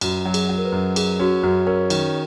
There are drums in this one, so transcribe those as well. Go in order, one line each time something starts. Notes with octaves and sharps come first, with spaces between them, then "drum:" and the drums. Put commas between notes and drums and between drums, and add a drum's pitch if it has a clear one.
F#2 F#4, drum: cymbal
F#3
G#4, drum: cymbal
F#3
A#4
B4
F#2
F#3 G#4, drum: cymbal
C#4 F#4
F#2 F#4
C#4 A#4
D#3, drum: cymbal